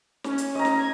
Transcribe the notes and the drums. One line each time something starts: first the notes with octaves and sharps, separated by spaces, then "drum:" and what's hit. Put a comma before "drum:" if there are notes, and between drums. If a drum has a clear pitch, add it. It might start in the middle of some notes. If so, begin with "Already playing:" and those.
C#4, drum: snare
drum: hi-hat
D#5 A#5
drum: snare
G#6